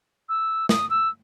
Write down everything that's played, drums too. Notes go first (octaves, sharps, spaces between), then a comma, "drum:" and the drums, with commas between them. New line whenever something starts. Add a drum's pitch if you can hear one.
E6
D#6, drum: snare
E6